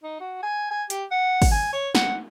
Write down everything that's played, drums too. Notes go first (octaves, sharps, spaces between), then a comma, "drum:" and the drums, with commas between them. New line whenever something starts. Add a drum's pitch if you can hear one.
D#4
F#4
G#5
G#5
G4, drum: hi-hat
F#5
drum: kick, open hi-hat
G#5
C#5
F#5, drum: snare